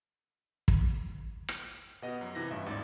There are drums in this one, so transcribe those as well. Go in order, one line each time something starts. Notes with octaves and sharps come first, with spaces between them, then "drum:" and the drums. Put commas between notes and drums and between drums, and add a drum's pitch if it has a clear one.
drum: kick
drum: rim click
B2 B3 G4 D#5
F#2 F#3
C3 E3 E4 G4 A#6
A1 G2 E5
G#1 D#2 G#2 D5